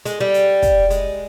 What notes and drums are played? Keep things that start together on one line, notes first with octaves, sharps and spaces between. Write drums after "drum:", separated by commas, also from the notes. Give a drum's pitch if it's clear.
G#3, drum: hi-hat
G3
drum: hi-hat
drum: kick, hi-hat
G#3, drum: hi-hat